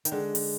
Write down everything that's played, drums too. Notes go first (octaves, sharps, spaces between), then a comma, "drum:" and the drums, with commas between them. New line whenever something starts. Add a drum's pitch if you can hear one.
D#3, drum: hi-hat
D3 G#3
drum: open hi-hat